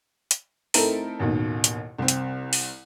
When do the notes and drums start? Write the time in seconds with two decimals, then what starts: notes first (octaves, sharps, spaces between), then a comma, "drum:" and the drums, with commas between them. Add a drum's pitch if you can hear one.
0.31 drum: hi-hat
0.74 A3 C4 D#4 E4 A4 A#4, drum: open hi-hat
1.20 A1 D#2 B2 D#3
1.64 drum: hi-hat
1.99 C2 C4
2.08 drum: hi-hat
2.53 drum: open hi-hat